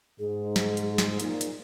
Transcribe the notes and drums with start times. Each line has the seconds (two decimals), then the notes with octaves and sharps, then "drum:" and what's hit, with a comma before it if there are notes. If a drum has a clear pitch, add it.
0.19 G#2 G#4
0.56 drum: snare
0.77 drum: hi-hat
0.98 drum: snare
1.20 A#2 D#4, drum: hi-hat
1.41 drum: hi-hat